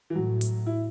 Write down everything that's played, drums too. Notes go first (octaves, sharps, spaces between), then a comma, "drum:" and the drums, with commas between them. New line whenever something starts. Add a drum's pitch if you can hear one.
E3
A2 F#3
drum: hi-hat
E4